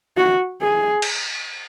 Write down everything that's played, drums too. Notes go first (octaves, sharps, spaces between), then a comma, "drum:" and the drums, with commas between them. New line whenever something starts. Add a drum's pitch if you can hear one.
F#4
G#4
drum: cymbal